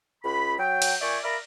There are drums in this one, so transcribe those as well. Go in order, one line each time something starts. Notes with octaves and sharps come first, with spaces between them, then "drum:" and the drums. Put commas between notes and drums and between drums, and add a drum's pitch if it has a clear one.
C#2 B5
F#3 G5
drum: cymbal
A#2 D5 E5 G5 G#5 C#6
A#4 D5 E5 F5 A#5 B5